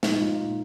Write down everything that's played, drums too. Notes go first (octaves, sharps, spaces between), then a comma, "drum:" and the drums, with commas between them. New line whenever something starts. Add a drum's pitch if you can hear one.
A#2 G#3 D#4, drum: snare
F4
A#2 A#3